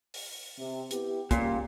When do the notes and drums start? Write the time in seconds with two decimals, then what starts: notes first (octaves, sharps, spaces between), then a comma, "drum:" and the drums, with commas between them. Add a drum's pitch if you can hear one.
0.14 drum: open hi-hat
0.59 C3
0.91 B3 E4 G4, drum: hi-hat
1.31 A#2 C#3 G3, drum: kick, hi-hat